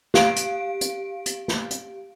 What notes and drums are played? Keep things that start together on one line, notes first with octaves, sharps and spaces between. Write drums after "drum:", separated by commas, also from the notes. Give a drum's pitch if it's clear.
G4 F5 D7, drum: snare
drum: hi-hat
drum: hi-hat
drum: hi-hat
drum: snare
drum: hi-hat